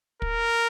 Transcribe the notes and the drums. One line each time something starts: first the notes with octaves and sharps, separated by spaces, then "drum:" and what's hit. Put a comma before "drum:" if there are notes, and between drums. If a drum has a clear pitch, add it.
A#4, drum: kick